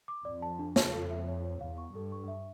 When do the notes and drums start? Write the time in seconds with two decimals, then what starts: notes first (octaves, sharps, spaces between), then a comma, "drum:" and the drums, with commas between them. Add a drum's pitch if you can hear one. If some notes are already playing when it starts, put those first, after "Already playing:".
0.08 D6
0.25 F2 D5
0.42 A5
0.59 D4
0.76 A5, drum: snare
0.93 F2 A4
1.10 E5
1.27 C#5
1.44 C#5
1.61 E2 F5
1.78 C#6
1.95 G2 A4
2.12 C#6
2.28 E5